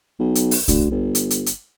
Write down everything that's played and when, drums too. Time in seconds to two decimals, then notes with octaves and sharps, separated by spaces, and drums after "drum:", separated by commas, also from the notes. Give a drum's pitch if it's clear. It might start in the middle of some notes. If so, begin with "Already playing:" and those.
0.20 B1
0.35 drum: hi-hat
0.51 drum: open hi-hat
0.68 D2, drum: kick, hi-hat
0.91 G1
1.15 drum: hi-hat
1.30 drum: hi-hat
1.46 drum: hi-hat